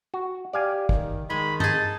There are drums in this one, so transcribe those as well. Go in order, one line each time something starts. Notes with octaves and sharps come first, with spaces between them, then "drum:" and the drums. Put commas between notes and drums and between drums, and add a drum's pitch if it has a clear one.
F#4
G4 D5 F5 G#5
D#3, drum: kick
D#3 G#3 B5
D#4 G#4 A5, drum: tom G2